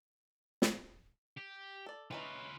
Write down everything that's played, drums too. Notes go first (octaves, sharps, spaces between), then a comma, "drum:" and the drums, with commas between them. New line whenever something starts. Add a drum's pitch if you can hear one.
drum: snare
G4
A4 D5
E3 C#4 D#4 F4 B4